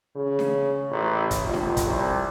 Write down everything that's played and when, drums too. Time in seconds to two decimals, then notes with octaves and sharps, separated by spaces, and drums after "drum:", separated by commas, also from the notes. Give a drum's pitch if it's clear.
0.16 C#3
0.39 drum: snare D4
0.91 A1
1.31 drum: kick, hi-hat
1.43 F1
1.54 drum: snare D4
1.77 drum: kick, hi-hat
1.87 C2